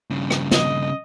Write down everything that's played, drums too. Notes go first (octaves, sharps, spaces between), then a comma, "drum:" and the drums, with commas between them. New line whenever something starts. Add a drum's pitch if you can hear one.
G2 C#3
drum: rim click
D#5, drum: snare